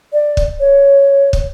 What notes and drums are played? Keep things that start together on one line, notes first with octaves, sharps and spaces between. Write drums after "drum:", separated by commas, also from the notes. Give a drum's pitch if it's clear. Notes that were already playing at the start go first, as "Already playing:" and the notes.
D5
drum: kick
C#5
drum: kick